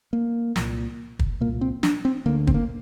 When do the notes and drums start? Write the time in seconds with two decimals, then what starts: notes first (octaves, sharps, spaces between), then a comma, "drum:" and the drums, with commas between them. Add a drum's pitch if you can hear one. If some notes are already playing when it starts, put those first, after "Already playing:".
0.13 A#3
0.56 C2 A#2, drum: snare
1.19 drum: kick
1.41 C2 A#2 A#3
1.61 C4
1.83 D4, drum: snare
2.05 C4
2.26 D2 D3 A#3
2.47 C4, drum: kick
2.54 A#3